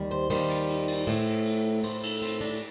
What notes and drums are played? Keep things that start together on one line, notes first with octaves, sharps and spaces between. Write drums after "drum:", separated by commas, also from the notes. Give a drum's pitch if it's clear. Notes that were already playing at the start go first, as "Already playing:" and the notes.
Already playing: D#2 D#3 G3
C5
D#2 D#3 G3 C5, drum: cymbal
drum: cymbal
drum: cymbal
drum: cymbal
A2 A3, drum: cymbal
drum: cymbal
drum: cymbal
A2 A3 C5, drum: cymbal
A4, drum: cymbal
C4, drum: cymbal
D4, drum: cymbal